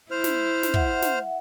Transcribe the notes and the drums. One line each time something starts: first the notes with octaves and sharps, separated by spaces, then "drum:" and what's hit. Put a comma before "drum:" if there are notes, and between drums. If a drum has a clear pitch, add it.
E4 C5 F6
drum: snare
drum: snare
E5 F#5, drum: kick
drum: snare